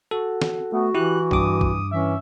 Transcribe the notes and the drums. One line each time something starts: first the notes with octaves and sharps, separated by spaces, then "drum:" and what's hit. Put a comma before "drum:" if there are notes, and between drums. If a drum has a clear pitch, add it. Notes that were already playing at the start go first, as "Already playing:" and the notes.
F#4 A4
drum: snare
A3 B3 F#4
E3 E4 G4 F#6
G2 D6 D#6, drum: kick
drum: kick
E3 C#4 E5